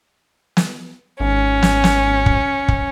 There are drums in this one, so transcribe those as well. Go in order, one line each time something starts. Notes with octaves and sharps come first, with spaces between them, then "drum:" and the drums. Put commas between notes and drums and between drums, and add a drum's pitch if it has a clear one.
drum: snare
G#1 C#4
drum: snare
drum: snare
drum: kick
drum: kick